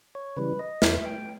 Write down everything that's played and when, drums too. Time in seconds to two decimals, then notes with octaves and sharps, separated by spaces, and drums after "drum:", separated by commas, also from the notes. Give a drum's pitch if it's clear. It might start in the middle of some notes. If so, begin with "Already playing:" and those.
0.15 C#5
0.37 C#3 E3 G3 B4
0.59 D#5
0.82 E2 E5, drum: snare
1.06 G5